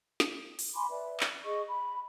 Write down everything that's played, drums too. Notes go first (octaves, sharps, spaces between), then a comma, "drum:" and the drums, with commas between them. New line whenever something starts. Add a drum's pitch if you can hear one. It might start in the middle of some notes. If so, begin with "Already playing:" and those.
drum: snare
drum: open hi-hat
G#5 B5 C6 D6
B4 D5 E5
drum: clap
G#4 D#5 C#6
B5